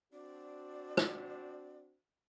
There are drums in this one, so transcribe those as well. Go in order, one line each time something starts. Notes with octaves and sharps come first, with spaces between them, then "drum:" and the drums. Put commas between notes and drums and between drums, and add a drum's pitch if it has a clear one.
C4 D4 F#4 D5
drum: rim click